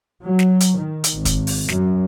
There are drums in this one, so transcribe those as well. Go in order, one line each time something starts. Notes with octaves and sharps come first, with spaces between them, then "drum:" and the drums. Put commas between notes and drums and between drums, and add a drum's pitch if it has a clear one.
F#3
drum: snare
drum: hi-hat
D#3
drum: hi-hat
G#1
drum: kick, hi-hat
drum: open hi-hat
F#2, drum: snare